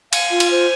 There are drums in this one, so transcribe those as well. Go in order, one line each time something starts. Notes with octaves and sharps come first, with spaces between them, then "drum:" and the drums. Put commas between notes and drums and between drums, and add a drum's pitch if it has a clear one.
F5 G#5, drum: cymbal
F4
drum: cymbal
C5